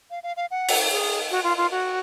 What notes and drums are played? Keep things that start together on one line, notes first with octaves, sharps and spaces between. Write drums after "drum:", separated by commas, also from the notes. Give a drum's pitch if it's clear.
F5
F5
F5
F#5
drum: open hi-hat
G#4
F#4
F4
F4
F#4